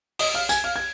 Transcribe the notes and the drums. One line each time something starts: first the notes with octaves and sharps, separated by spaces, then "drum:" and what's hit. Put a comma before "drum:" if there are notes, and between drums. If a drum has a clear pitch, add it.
D#5 D#6, drum: open hi-hat
F5 F6
G#5 G#6, drum: tambourine
F5 F6
G#6